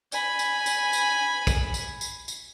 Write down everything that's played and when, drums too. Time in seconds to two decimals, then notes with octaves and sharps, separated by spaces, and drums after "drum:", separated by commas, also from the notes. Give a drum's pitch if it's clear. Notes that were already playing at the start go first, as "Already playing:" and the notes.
0.12 G#5 B5, drum: tambourine
0.39 drum: tambourine
0.66 drum: tambourine
0.93 drum: tambourine
1.47 drum: kick, tambourine
1.74 drum: tambourine
2.01 drum: tambourine
2.28 drum: tambourine